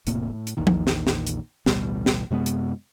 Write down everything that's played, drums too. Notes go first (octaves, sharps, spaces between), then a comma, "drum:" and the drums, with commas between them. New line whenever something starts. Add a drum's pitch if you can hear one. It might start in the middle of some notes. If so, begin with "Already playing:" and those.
E1 A2 C3 A#3, drum: hi-hat
A2
drum: hi-hat
A#1 E2 A#2 D#3
drum: tom F3
drum: snare
drum: snare
drum: hi-hat
A1 D2 B2 G3, drum: snare
drum: snare
F#2 C3 G#3 B3
drum: hi-hat